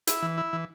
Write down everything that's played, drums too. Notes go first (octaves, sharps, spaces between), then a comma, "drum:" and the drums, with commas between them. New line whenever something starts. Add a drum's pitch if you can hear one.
E4, drum: hi-hat
E3
E4
E3